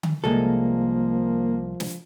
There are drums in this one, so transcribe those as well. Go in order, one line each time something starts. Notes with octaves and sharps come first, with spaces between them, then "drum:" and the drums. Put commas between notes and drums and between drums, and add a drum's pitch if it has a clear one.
drum: tom D3
C2 F3 G#3 A#3 A4
drum: snare